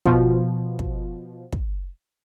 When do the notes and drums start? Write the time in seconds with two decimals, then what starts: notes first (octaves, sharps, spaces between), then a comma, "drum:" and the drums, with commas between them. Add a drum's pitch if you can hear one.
0.06 B2 F3, drum: kick
0.79 drum: kick
1.52 drum: kick